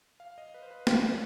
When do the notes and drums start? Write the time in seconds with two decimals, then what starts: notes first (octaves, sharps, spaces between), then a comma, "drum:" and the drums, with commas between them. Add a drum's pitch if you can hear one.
0.20 F5
0.38 D#5
0.54 B4
0.62 C5
0.71 B4
0.87 C5, drum: snare
1.01 D5
1.10 C#5